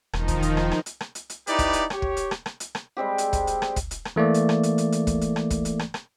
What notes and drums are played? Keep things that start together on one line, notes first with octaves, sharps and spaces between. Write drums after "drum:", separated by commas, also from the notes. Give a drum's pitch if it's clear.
E1 D#3 F3 D#4, drum: rim click
drum: kick, hi-hat
drum: hi-hat
drum: rim click
drum: rim click
drum: hi-hat
drum: rim click
drum: hi-hat
drum: hi-hat
D#4 E4 G4 B4 D5, drum: hi-hat
drum: kick, hi-hat
drum: hi-hat
G4 C#5, drum: rim click
drum: kick
drum: hi-hat
drum: rim click
drum: rim click
drum: hi-hat
drum: rim click
G3 G#3 C4 G4
drum: hi-hat
drum: kick, hi-hat
drum: hi-hat
drum: rim click
drum: kick, hi-hat
drum: hi-hat
drum: rim click
E3 A3 A#3 D5
drum: hi-hat
drum: rim click
drum: hi-hat
drum: hi-hat
drum: hi-hat
drum: kick, hi-hat
drum: hi-hat
drum: rim click
drum: kick, hi-hat
drum: hi-hat
drum: rim click
drum: rim click